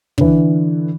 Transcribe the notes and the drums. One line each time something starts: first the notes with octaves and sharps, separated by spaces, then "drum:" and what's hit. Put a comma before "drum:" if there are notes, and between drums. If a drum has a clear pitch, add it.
D3 E3, drum: kick